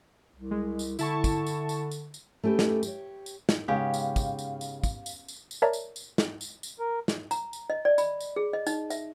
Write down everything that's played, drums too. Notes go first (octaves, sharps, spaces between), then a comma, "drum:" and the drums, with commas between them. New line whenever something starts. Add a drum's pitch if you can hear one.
C2
G#3
drum: tambourine
D3 E4 A5 C#6, drum: tambourine
drum: kick, tambourine
drum: tambourine
drum: tambourine
drum: tambourine
drum: tambourine
A3 C#4 G4 A4 B4
drum: snare
G4 C#5, drum: tambourine
drum: tambourine
drum: snare
G#2 C#3 G#3 B3 C#4 G4 F5
drum: tambourine
drum: kick, tambourine
drum: tambourine
drum: tambourine
drum: kick, tambourine
drum: tambourine
drum: tambourine
drum: tambourine
A#4 C#5 D5 E5 A5 A#5
drum: tambourine
drum: tambourine
drum: snare
drum: tambourine
drum: tambourine
A#4
drum: snare
A#5, drum: tambourine
drum: tambourine
D#5
D5
B5, drum: tambourine
drum: tambourine
G#4
D#5
D#4, drum: tambourine
E5, drum: tambourine